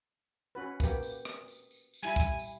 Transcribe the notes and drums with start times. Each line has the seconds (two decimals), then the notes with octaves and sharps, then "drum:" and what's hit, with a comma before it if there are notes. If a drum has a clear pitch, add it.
0.55 C#4 F#4 B4
0.80 A#3 B3 G4, drum: kick, tambourine
1.03 drum: tambourine
1.25 drum: rim click
1.48 drum: tambourine
1.71 drum: tambourine
1.94 drum: tambourine
2.03 G3 E4 G#5 B5
2.16 drum: kick, tambourine
2.39 drum: tambourine